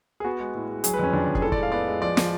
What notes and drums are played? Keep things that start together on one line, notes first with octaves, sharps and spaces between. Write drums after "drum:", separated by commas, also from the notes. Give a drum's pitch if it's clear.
G#4
B3 F#4
G#3
A2
G#3
F#3 G#4, drum: hi-hat
B4
F2 C#4
F2 D4
F2
G#4, drum: kick
A2 A4
D5, drum: kick
G#3
F5
B3 D5
G#3
F3 D5
F3, drum: snare